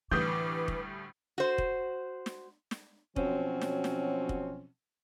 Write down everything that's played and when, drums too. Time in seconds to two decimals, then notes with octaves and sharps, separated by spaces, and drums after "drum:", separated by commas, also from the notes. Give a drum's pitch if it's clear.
0.11 D2 A2 E3 G3 B4 D6 D#6 G6
0.68 drum: kick
1.38 F#4 C5
1.58 drum: kick
2.26 drum: snare
2.71 drum: snare
3.16 B2 F3 F#3 C4 C#4, drum: kick
3.61 drum: snare
3.84 drum: snare
4.29 drum: kick